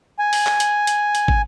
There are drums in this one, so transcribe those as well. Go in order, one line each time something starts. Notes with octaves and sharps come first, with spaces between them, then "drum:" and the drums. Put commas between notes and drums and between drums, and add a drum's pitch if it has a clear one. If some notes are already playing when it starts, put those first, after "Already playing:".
G#5
drum: open hi-hat
drum: clap
drum: hi-hat
drum: hi-hat
drum: hi-hat
drum: kick